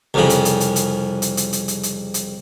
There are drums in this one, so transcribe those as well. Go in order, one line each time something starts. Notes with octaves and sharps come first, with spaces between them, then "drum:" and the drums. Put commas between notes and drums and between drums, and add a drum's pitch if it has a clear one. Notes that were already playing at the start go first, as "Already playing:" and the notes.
C2 F2 C#3
drum: hi-hat
drum: hi-hat
drum: hi-hat
drum: hi-hat
drum: hi-hat
drum: hi-hat
drum: hi-hat
drum: hi-hat
drum: hi-hat
drum: hi-hat